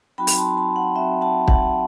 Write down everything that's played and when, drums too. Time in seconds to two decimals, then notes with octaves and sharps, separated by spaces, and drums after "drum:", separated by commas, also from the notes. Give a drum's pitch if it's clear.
0.18 F#3 C4 D#4 F#4 G5 B5
0.27 drum: open hi-hat
0.37 A5 C6
0.57 A5 C6
0.76 F#5 A5
0.95 F#3 C4 D#4 F#4 E5 G5
1.21 F#5 A5
1.48 F#5 A5, drum: kick